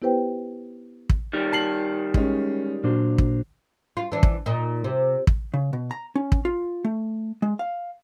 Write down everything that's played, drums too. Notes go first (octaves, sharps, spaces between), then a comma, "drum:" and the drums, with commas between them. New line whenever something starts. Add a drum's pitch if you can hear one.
B3 E4 G4 B4 C5 G5
drum: kick
D#3 G3
A5 C7 F#7
G#3 C#4, drum: kick
A#2 F#3 D4 C5
drum: kick
F4
E3 D4
drum: kick
A#2 D#4
C3
drum: kick
C#3
B2
A#5
C#4
drum: kick
F4
A3
G#3
F5